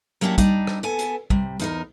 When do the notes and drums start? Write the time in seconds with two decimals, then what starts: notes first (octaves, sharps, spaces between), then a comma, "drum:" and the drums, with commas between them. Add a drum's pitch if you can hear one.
0.21 F#3 A#3 C#4 D4 E4 G4
0.38 G3 D4 D#4, drum: kick, hi-hat
0.67 drum: rim click
0.83 B3 A4 G#5
0.99 drum: hi-hat
1.30 C3 G3, drum: kick
1.60 E2 D#4 A#4, drum: hi-hat